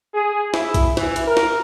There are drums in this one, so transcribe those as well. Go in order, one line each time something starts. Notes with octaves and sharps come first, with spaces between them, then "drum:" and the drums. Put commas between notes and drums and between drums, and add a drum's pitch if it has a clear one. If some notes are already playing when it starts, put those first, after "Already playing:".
G#4
E4, drum: snare
drum: kick A#1, hi-hat
E3, drum: snare
drum: hi-hat
A#4
drum: snare